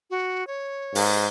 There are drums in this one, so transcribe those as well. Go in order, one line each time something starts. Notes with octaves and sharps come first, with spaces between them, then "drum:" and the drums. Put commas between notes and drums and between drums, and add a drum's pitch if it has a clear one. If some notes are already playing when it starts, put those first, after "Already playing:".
F#4
C#5
G#2, drum: open hi-hat